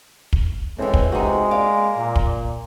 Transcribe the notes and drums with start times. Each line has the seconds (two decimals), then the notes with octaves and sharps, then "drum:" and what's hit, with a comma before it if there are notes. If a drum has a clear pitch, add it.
0.33 drum: kick
0.78 A2 E3 G#3 C4
0.94 drum: kick
1.12 C3 G#3 D#4 F#4
1.51 A#3 D5 F5
1.97 A#2
2.16 drum: kick